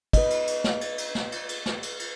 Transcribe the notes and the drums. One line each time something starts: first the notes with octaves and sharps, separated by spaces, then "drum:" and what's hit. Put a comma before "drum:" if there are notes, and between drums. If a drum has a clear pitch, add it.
B4 D#5, drum: kick, cymbal
drum: cymbal
drum: cymbal
drum: snare
drum: cymbal
drum: cymbal
drum: snare
drum: cymbal
drum: cymbal
drum: snare
drum: cymbal
drum: cymbal